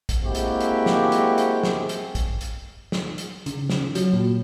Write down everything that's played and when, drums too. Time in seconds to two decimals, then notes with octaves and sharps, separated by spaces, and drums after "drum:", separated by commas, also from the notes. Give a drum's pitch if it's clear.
0.09 drum: kick, hi-hat
0.23 G#3 A#3 C4 E4 F#4 G4
0.35 drum: hi-hat
0.60 drum: hi-hat
0.86 drum: snare
1.12 drum: hi-hat
1.38 drum: hi-hat
1.63 drum: snare
1.89 drum: hi-hat
2.15 drum: kick, hi-hat
2.41 drum: hi-hat
2.92 drum: snare
3.18 drum: hi-hat
3.46 C#3, drum: hi-hat
3.70 drum: snare
3.95 F#3, drum: hi-hat
4.13 A#2